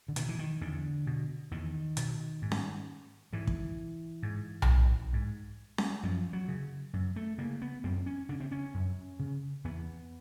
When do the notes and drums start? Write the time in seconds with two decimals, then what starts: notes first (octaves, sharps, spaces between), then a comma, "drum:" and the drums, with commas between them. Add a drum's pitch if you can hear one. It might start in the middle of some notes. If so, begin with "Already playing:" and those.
0.08 D3
0.16 B2 D#3, drum: hi-hat
0.29 E3
0.39 D#3
0.61 E2 D3
1.07 B2
1.51 E2 D#3
1.97 B2, drum: hi-hat
2.42 G#2
2.52 drum: snare C#4
3.33 G#2 E3
3.47 drum: kick
4.23 G#2
4.62 drum: tom B1
5.13 G#2
5.78 drum: snare C#4
6.03 F#2 F3
6.33 F#3
6.48 C#3
6.93 F#2
7.16 A3
7.38 C#3 A#3
7.62 B3
7.84 F#2 C4
8.06 C#4
8.29 C#3 D4
8.40 C4
8.52 C#4
8.74 F#2
9.19 C#3
9.64 E2 B3